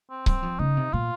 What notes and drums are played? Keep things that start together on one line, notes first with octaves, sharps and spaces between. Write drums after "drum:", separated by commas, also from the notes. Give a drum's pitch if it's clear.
C4
F#3 C4, drum: kick C#1
F3
C#3 D#4
C3
A#2 F4